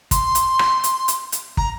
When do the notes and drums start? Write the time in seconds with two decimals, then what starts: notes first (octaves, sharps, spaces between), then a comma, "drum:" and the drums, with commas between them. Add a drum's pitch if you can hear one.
0.11 C6, drum: kick, hi-hat
0.35 drum: hi-hat
0.59 drum: rim click
0.84 drum: hi-hat
1.08 drum: hi-hat
1.32 drum: hi-hat
1.57 A#5, drum: kick